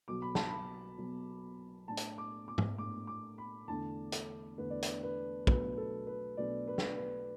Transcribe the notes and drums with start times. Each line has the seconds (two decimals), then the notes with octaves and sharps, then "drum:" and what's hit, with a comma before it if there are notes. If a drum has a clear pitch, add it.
0.08 B1 B2 F#3 D6
0.22 B5
0.35 A5, drum: snare
0.49 B5
0.98 B1 B2 F#3
1.88 A2 A3 D4 A5
1.97 drum: hi-hat
2.18 D6
2.48 D6
2.58 drum: tom
2.78 A2 A3 D4 D6
3.07 D6
3.38 B5
3.68 E2 D3 A3 D4 A5
4.12 A4, drum: hi-hat
4.57 E2 D3 A3 D4 B4
4.70 D5
4.83 B4, drum: hi-hat
5.03 B4
5.47 B1 B2 A3 D4 B4, drum: kick
5.78 A4
6.07 B4
6.37 B1 B2 A3 D4 D5
6.68 B4
6.78 drum: snare
6.97 B4